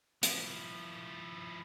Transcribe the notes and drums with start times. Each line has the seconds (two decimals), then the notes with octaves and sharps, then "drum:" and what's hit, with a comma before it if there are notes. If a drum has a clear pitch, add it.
0.23 F3 E4, drum: hi-hat